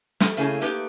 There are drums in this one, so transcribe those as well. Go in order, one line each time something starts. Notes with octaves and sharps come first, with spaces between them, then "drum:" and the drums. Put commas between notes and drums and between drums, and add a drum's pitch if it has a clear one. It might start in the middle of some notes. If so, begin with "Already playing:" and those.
G3 A3, drum: snare
C#3 A3 A#3 E4 G#4
A3 A#3 D#4 G4 B4